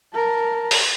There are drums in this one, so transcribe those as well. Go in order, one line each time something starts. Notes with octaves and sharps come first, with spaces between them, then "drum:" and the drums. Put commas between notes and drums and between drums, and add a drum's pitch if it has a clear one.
A#4 A5
drum: open hi-hat